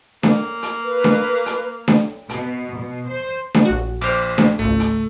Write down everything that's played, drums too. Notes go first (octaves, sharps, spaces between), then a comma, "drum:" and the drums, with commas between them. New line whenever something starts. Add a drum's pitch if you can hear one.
A#3, drum: snare D4
drum: hi-hat
B4
drum: snare D4
drum: hi-hat
drum: snare D4
B2, drum: hi-hat
B2
C5
drum: snare D4
A#1 F#4
A#1 C5 D6 F6
drum: snare D4
G#1 C#2 A3
drum: hi-hat